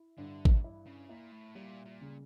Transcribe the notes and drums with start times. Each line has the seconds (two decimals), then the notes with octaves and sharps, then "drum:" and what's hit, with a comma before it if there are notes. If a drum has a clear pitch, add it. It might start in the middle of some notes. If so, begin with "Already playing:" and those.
Already playing: E4
0.18 G2 D3
0.45 drum: kick G#1
0.64 E4
0.86 C#3
1.09 A#2 E4
1.32 A2
1.55 A#2 G3
1.85 A#2
2.01 C#3